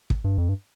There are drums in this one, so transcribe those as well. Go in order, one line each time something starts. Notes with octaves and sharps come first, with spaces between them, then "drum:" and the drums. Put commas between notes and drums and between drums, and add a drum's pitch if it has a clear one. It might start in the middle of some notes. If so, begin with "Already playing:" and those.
drum: kick
G2
F2
G2